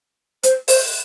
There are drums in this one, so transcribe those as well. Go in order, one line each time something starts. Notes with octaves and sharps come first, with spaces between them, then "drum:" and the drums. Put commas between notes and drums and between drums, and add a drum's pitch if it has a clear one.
C5, drum: hi-hat
C5, drum: open hi-hat